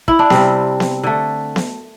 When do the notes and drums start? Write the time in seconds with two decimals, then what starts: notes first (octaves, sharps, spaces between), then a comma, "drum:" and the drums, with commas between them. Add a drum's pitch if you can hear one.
0.08 E4, drum: kick
0.19 D4
0.30 C3 G3 C4, drum: snare B3
0.80 drum: snare B3
1.03 D3 A3
1.56 drum: snare B3